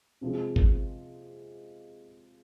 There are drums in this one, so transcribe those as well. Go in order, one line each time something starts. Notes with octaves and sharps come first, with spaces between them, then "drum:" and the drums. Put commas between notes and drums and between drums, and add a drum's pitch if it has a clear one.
C3 F3 G#3
drum: kick